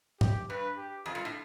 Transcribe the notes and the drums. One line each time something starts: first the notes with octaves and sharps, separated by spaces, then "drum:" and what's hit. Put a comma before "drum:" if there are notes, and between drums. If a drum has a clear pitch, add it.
G4, drum: tom
G2 B4
G4
F2 F4
G2
A2